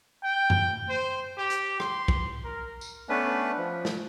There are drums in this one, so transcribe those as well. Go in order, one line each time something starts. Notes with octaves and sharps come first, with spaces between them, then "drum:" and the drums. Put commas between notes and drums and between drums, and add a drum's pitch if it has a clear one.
G5
drum: tom F#2
C5
G4
drum: hi-hat
C6, drum: rim click
drum: kick
A#4
drum: tambourine
A3 B3 C#4 D4 B4
F3
drum: snare